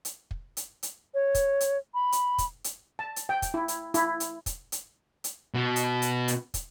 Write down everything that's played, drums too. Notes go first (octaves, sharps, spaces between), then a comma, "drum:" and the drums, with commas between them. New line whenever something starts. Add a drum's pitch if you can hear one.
drum: hi-hat
drum: kick
drum: hi-hat
drum: hi-hat
C#5
drum: kick, hi-hat
drum: hi-hat
B5
drum: hi-hat
drum: kick, hi-hat
drum: hi-hat
A5
drum: hi-hat
G5
drum: kick, hi-hat
E4
drum: hi-hat
E4, drum: hi-hat
drum: hi-hat
drum: kick, hi-hat
drum: hi-hat
drum: hi-hat
B2
drum: hi-hat
drum: hi-hat
drum: hi-hat
drum: kick, hi-hat